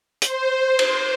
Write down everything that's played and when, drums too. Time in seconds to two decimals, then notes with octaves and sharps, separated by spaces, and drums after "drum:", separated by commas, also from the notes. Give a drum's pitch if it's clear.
0.22 C5, drum: hi-hat
0.79 drum: cymbal